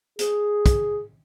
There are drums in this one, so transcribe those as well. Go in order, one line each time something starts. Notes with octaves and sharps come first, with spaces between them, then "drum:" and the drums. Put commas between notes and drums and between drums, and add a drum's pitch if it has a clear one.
G#4, drum: hi-hat
drum: kick, hi-hat